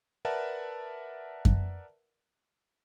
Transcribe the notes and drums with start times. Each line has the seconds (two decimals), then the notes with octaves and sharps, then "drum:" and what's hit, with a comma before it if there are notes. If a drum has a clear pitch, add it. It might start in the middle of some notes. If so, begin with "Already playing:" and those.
0.25 A#4 B4 D5 E5 F#5 A5
1.45 drum: kick F#2